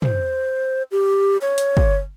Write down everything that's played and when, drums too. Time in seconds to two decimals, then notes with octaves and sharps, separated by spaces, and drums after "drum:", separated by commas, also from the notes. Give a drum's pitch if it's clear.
0.02 C5, drum: tom
0.92 G4
1.41 C#5
1.58 drum: hi-hat
1.77 drum: kick